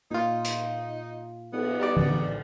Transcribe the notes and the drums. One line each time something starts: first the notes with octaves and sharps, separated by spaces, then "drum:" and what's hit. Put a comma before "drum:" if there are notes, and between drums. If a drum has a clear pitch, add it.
A#2 D#4 F4
drum: hi-hat
B3, drum: cymbal
G3 D#4 D5
drum: tom E3